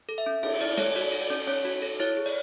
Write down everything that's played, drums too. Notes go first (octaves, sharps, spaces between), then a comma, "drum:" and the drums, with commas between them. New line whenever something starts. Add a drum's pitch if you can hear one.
A4
E5
C#4
C#4 E5, drum: cymbal
E4 D5
A4 C#5, drum: snare
F#4 D5
A4
D5
C#4
C#4 C#5
F#4
A4
E4 C#5
G#4
D5, drum: open hi-hat